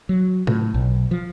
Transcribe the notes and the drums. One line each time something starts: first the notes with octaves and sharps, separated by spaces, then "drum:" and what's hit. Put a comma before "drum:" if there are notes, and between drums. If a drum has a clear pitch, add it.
F#3
A2, drum: tom C3
B1
F3